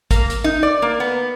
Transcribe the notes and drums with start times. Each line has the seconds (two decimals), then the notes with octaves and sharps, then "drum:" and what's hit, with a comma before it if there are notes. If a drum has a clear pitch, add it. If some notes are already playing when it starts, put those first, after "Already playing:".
0.11 A#3, drum: kick G#1, hi-hat
0.30 drum: hi-hat
0.44 D#4
0.63 D5
0.82 A#3
1.00 B3